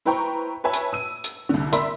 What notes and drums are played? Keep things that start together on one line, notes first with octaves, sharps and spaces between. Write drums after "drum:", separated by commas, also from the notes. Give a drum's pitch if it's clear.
E4 B4 C5 G5 A#5 C#6
B4 C#5 E5 G#5 A5 B5
drum: hi-hat
E6 D#7
drum: hi-hat
C2 D3
A#4 D5 E5 B5 C6, drum: hi-hat